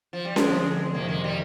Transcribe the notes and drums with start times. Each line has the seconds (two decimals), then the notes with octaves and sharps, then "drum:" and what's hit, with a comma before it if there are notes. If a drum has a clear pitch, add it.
0.13 F3
0.25 G3
0.36 D3 F3 G#3 C4, drum: snare C#4
0.94 F2 C3 D#3 A#3
1.09 G#3
1.24 G3